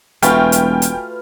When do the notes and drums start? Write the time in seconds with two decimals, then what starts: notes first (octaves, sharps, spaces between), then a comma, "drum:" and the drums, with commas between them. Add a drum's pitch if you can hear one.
0.22 E1 A3 F4 F#4 B4 G5 G#5 F6, drum: hi-hat
0.52 drum: hi-hat
0.82 drum: hi-hat